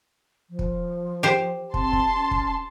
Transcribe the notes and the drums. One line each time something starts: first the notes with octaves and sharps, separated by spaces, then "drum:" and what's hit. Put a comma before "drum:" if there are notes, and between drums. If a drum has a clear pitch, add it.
F3
drum: kick
G4 C5
C4 A5 C6, drum: kick
drum: kick
C#4
drum: kick